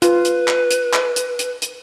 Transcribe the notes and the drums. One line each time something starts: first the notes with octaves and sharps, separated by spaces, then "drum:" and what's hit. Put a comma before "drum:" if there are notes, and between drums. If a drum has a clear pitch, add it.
F4 B4, drum: hi-hat
drum: hi-hat
drum: clap
drum: hi-hat
drum: clap
drum: hi-hat
drum: hi-hat
drum: hi-hat